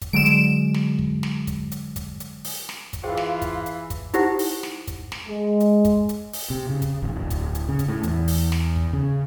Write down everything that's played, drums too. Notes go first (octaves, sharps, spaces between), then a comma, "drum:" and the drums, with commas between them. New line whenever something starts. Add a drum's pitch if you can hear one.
drum: kick, hi-hat
D3 F#3 G#3 D7 E7
drum: hi-hat
drum: snare
drum: kick
drum: snare
drum: kick, hi-hat
drum: hi-hat
drum: kick, hi-hat
drum: hi-hat
drum: open hi-hat
drum: snare
drum: kick, hi-hat
E3 F4 G#4 C5 F5 G5
drum: snare
drum: kick, hi-hat
drum: hi-hat
drum: kick, hi-hat
D#4 E4 G4 C5 F#5, drum: hi-hat
drum: open hi-hat
drum: snare
drum: kick, hi-hat
drum: snare
G#3
drum: hi-hat
drum: kick, hi-hat
drum: hi-hat
drum: open hi-hat
C3
C#3
drum: kick, hi-hat
G#1
D1
drum: kick, hi-hat
drum: hi-hat
C#3
drum: kick, hi-hat
A2
E2, drum: hi-hat
drum: open hi-hat
drum: snare
drum: kick
C#3